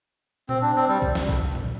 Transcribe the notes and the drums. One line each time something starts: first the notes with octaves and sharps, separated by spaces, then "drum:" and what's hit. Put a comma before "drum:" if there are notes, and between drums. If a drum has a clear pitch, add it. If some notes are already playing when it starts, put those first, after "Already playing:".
C4, drum: tom A#2
D4
C4
G3
drum: kick B1
drum: snare
drum: kick B1
drum: tom A#2